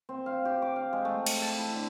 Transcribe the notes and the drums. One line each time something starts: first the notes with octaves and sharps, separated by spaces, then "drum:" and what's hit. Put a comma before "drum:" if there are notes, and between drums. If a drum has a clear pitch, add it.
C4
F5
G4
D6
F5
G#3
A3
drum: cymbal
A5
E4
D3